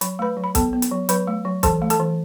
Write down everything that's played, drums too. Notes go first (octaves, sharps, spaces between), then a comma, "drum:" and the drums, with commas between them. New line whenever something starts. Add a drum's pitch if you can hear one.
F#3 B5, drum: hi-hat
A3 B4 B5
F#3
B5
B3 A4 A5, drum: kick, hi-hat
B3
drum: hi-hat
F#3
F#3 B4 B5, drum: hi-hat
A3
F#3
E3 A4 A5, drum: kick, hi-hat
A3
A4 A5, drum: hi-hat
E3